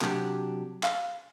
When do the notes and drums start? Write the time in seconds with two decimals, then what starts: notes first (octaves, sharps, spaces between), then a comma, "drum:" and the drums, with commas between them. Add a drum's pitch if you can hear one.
0.01 C3 F#3 D4 G4, drum: clap
0.83 F5, drum: clap